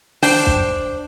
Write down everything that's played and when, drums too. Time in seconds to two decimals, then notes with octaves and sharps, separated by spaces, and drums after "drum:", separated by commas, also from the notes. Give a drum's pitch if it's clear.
0.23 D4 C5 G5, drum: open hi-hat
0.46 drum: kick